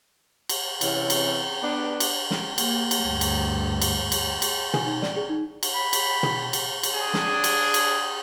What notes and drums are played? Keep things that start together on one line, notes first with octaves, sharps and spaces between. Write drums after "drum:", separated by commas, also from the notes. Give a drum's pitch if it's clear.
drum: cymbal
C3 E3 C#4, drum: cymbal
drum: cymbal
B3 D4
drum: cymbal
drum: snare
A#3, drum: cymbal
drum: cymbal
D2 G2
drum: cymbal
drum: cymbal
drum: cymbal
drum: cymbal
G#5, drum: tom
D#4
D5, drum: snare
G#4
D#4
drum: cymbal
B5
drum: cymbal
drum: tom
drum: cymbal
drum: cymbal
D4 G#4
drum: snare
drum: cymbal
drum: cymbal